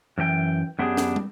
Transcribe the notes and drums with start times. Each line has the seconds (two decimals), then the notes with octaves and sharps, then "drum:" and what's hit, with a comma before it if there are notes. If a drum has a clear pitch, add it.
0.18 F#2 E3 G4 G5
0.79 F#2 B3 D4 G4 G#4
0.97 drum: snare
1.16 drum: tom